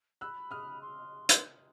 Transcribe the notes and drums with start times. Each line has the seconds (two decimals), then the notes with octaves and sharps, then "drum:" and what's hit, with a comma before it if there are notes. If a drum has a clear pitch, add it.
0.21 B5 E6 F#6
0.51 D#6 F6
0.81 C6
1.29 drum: hi-hat